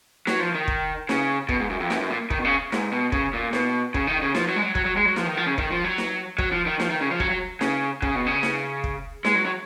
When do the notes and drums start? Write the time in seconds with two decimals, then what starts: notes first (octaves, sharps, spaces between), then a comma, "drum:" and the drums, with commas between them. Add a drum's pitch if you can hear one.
0.27 F#3, drum: snare
0.40 F3
0.55 D#3
0.68 drum: kick
1.09 C#3, drum: snare
1.49 B2, drum: kick
1.60 G#2
1.70 F#2
1.80 F2
1.90 F#2, drum: snare
2.01 F#2
2.10 A#2
2.30 D#3, drum: kick
2.39 B2
2.45 C#3
2.72 G#2, drum: snare
2.92 B2
3.12 C#3, drum: kick
3.33 A#2
3.53 B2, drum: snare
3.94 C#3, drum: kick
4.07 D#3
4.22 C#3
4.35 F3, drum: snare
4.48 F#3
4.56 G#3
4.62 F#3
4.75 F#3, drum: kick
4.85 F#3
4.97 G#3
5.06 F#3
5.16 F3, drum: snare
5.27 D#3
5.37 F3
5.46 C#3
5.58 D#3, drum: kick
5.71 F3
5.84 F#3
5.98 drum: snare
6.39 F#3, drum: kick
6.52 F3
6.66 D#3
6.80 F3, drum: snare
6.90 D#3
7.01 C#3
7.10 F3
7.20 F#3, drum: kick
7.30 F#3
7.61 C#3, drum: snare
8.02 C#3, drum: kick
8.15 B2
8.27 C#3
8.43 drum: snare
8.84 drum: kick
9.25 G#3, drum: snare
9.35 F#3
9.46 F#3